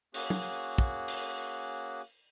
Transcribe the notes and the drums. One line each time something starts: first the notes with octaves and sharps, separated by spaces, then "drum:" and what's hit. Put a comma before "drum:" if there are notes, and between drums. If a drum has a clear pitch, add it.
A#3 C#4 F#4 G#4 F#6, drum: open hi-hat
drum: tom
drum: kick
drum: open hi-hat